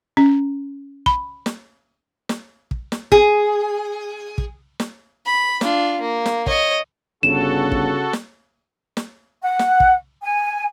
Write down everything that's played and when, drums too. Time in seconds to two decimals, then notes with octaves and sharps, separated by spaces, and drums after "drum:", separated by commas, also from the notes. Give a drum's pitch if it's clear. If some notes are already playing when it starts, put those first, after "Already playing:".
0.17 C#4
1.06 B5, drum: kick
1.46 drum: snare
2.29 drum: snare
2.71 drum: kick
2.92 drum: snare
3.12 G#4, drum: kick
4.38 drum: kick
4.80 drum: snare
5.26 B5
5.61 D4 F4, drum: snare
6.01 A#3
6.26 drum: snare
6.46 C#5 D#5, drum: kick
7.23 G1 C#3 F#4 A4 E7
7.72 drum: kick
8.13 drum: snare
8.97 drum: snare
9.42 F#5
9.59 drum: snare
9.80 drum: kick
10.21 G#5